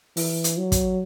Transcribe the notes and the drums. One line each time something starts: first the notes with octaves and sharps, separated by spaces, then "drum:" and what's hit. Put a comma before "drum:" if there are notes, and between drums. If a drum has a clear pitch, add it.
E3, drum: open hi-hat
drum: hi-hat
F#3
drum: kick, hi-hat